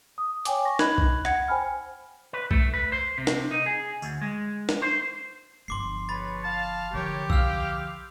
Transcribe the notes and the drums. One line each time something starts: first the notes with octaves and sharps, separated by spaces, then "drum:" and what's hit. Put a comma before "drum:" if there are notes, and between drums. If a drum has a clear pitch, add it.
D#6
C#5 G5 G#5 D6, drum: hi-hat
C#6 A#6
D#4 D#5 B5 F#6 G#6 F#7, drum: snare
drum: kick B1
F#5 G#6 C#7, drum: rim click
C5 G5 G#5 B5 F6
B4
A3, drum: kick B1
B4
C5
C3
drum: snare
D#4
G#4
D2, drum: tambourine
G#3
drum: snare
C5
G1 F3 C6 D6 C7
G#4 B4 C#5 B5 A6
F5 A5
D3 F3 G4 A#4 C#5
F5 E6 F6, drum: kick B1